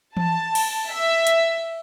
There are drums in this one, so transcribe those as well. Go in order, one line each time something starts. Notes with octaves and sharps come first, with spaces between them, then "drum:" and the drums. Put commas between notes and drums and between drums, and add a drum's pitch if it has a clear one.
A5, drum: tom E3
drum: cymbal
E5
drum: hi-hat